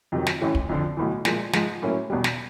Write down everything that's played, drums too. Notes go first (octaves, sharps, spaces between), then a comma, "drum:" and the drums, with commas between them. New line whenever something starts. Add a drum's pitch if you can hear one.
F2 C3 D#3 F#3
drum: snare
A1 A2 E3 A3 C#4
drum: kick
F2 D3 F3
B1 A2 E3
A#2 F3 G#3, drum: snare
G#2 F3 G#3, drum: snare
A2 F#3 A#3 C#4 E4
E2 B2 G3
drum: snare